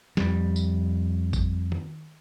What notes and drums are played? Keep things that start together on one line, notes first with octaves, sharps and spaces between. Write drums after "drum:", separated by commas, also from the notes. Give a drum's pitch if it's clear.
F2 G3, drum: snare
drum: tambourine
drum: kick G#1, tambourine
drum: tom D#3